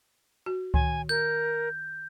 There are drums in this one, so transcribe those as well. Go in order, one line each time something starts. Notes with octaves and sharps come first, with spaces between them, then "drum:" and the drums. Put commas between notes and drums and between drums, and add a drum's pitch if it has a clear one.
F#4
D#3 G#5, drum: kick C#2
A#4 G6